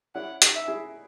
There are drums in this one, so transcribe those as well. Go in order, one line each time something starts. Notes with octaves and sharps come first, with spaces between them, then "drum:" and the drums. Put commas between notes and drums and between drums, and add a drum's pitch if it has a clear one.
C#4 E4 F#5
D#4 F#4, drum: hi-hat
E5
E4 G#4